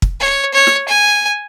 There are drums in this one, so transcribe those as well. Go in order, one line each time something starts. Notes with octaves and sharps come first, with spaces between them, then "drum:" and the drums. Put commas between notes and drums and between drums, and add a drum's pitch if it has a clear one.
drum: kick
C#5
C#5
drum: snare
G#5